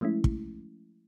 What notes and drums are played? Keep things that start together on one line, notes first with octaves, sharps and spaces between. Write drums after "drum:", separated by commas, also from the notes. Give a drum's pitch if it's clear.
F3 G#3 A3 C#4 E4
drum: kick